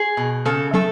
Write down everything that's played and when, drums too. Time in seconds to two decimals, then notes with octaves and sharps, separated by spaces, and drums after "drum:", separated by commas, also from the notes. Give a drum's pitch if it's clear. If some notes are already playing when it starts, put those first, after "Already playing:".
Already playing: G#4
0.17 B2
0.46 C#3 A4, drum: rim click
0.74 A3 A4, drum: tom